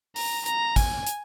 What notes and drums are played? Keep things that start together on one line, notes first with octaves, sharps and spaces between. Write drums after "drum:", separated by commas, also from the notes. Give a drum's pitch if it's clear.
A#5, drum: open hi-hat
A#5, drum: hi-hat
G#5, drum: kick, hi-hat
drum: hi-hat